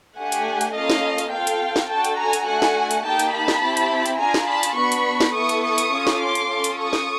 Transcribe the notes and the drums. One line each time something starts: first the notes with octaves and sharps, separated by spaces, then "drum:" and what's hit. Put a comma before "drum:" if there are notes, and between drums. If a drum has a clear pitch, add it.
A3 D4 G4 F#5 G#5
drum: hi-hat
drum: hi-hat
A#3 C#4 F4 A4 D#5 F5
drum: snare
drum: hi-hat
C4 F4 A4 F5 G5
drum: hi-hat
drum: snare
D4 F#4 A4 G5 A5
drum: hi-hat
G#5 A#5
drum: hi-hat
A3 D4 F#4 A4 F#5 G#5
drum: snare
drum: hi-hat
A#3 D#4 G4 G5 A5
drum: hi-hat
A5 B5
drum: snare
C4 E4 G4
drum: hi-hat
drum: hi-hat
D4 F4 G#4 G#5 A#5
drum: snare
A5 B5
drum: hi-hat
B3 D4 F#4 B5 C#6
drum: hi-hat
drum: snare
B3 E4 A4 C#6 D#6
drum: hi-hat
C#6 D#6
drum: hi-hat
C#4 F4 A4
drum: snare
C6 D6
drum: hi-hat
C#4 F4 A4
drum: hi-hat
C#6 D#6
drum: snare